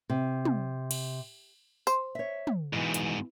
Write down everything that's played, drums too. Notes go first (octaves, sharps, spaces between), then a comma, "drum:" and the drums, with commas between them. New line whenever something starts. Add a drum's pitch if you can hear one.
C3
drum: tom
drum: cymbal
C5, drum: tambourine
C#5 E5
drum: tom
G#2 B2 E3
drum: hi-hat